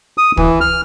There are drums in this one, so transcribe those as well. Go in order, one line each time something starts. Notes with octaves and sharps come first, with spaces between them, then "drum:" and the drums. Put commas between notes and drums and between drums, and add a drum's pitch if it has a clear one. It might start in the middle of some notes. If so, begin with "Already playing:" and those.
D#6
E3, drum: kick
F6